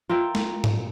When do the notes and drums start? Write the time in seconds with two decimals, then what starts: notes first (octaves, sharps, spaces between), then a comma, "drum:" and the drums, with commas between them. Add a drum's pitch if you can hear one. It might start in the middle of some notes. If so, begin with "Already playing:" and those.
0.09 F4 A#4 E5 G5
0.35 drum: snare
0.64 drum: tom